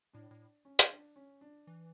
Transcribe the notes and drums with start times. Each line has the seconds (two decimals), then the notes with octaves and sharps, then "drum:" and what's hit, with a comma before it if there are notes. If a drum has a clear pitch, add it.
0.13 A2 D4
0.31 A2
0.65 C#4
0.79 drum: hi-hat
0.90 D4
1.16 C#4
1.41 D4
1.67 E3